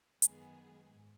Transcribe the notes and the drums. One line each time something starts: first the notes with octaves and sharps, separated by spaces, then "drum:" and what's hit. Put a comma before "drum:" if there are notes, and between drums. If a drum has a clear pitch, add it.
F#2 D#3 G#3 B3 G#4, drum: hi-hat
G#2